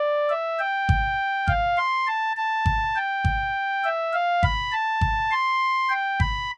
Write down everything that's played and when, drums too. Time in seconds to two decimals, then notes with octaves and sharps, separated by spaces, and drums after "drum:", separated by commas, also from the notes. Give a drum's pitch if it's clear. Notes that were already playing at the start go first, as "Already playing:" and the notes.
Already playing: D5
0.29 E5
0.59 G5
0.89 drum: kick G#1
1.48 F5, drum: kick G#1
1.77 C6
2.07 A5
2.36 A5
2.66 drum: kick G#1
2.96 G5
3.25 drum: kick G#1
3.84 E5
4.14 F5
4.43 B5, drum: kick G#1
4.72 A5
5.01 drum: kick G#1
5.31 C6
5.89 G5
6.20 B5, drum: kick G#1